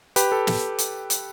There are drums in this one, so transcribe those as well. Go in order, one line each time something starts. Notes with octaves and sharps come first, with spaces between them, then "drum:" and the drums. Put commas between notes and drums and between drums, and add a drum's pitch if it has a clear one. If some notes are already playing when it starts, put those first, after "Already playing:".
G4 B4, drum: hi-hat
A4
drum: snare
drum: hi-hat
drum: hi-hat